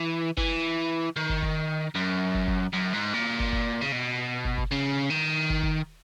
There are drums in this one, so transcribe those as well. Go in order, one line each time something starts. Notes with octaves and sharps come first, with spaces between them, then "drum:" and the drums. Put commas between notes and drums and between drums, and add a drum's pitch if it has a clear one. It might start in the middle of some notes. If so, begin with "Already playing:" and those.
Already playing: E3
E3, drum: kick
D#3
drum: kick
drum: kick
F#2
drum: kick
drum: kick
F#2
G#2
A#2
drum: kick
drum: kick
C#3
B2
drum: kick
drum: kick
C#3
D#3
drum: kick
drum: kick